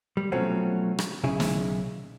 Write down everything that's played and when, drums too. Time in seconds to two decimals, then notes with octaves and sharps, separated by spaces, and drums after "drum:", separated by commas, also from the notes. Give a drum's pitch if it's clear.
0.17 G3
0.32 B2 F3 F#3 A3 C4 C#4
0.99 drum: rim click
1.24 B1 C#3 E4 G#4
1.40 drum: snare